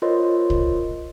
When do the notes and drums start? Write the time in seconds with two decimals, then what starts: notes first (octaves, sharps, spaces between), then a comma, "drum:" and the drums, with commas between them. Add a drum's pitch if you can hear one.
0.02 F4 A#4 C5 C#5 D#5 C6
0.50 drum: kick